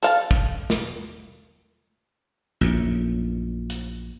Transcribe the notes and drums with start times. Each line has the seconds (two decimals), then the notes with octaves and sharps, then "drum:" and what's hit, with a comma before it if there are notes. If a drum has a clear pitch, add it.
0.03 A4 F5 A5, drum: hi-hat
0.31 drum: kick
0.70 drum: snare
2.61 A#1 F#2 A2
3.70 drum: hi-hat